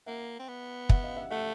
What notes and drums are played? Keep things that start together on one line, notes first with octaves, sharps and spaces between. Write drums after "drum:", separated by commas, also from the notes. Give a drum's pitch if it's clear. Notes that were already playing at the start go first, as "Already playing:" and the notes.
A#3 E5 F#5
C4
B3
E5 F#5, drum: kick
D#5 F5
E5 F#5
A3 E5 F#5